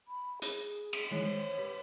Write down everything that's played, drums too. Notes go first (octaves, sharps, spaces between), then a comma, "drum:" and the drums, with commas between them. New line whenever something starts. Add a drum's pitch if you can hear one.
B5
G#4, drum: hi-hat
drum: cymbal
D#3 E3 G#3 C#5
C5
G4 B4